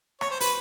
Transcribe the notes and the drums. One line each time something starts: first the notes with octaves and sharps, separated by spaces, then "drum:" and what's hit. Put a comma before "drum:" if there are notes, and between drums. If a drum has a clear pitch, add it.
C#5, drum: rim click
C5
B4, drum: open hi-hat